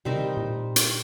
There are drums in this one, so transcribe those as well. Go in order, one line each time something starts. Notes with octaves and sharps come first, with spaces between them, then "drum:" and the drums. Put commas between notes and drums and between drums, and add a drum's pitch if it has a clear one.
C3 G3 C4 D#4 A#4
D#3
A#2
drum: hi-hat